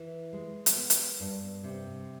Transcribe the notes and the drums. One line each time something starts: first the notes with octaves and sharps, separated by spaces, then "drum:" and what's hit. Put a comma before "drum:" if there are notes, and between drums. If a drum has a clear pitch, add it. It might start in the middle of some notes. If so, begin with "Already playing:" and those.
Already playing: E3
G#3
drum: hi-hat
B3
drum: hi-hat
G2
C3